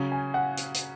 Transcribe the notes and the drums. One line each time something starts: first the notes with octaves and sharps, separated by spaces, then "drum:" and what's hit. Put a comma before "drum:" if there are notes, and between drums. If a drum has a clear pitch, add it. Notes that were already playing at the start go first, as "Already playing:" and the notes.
Already playing: C#3 F#3 C#4
G#5
F#5
drum: hi-hat
drum: hi-hat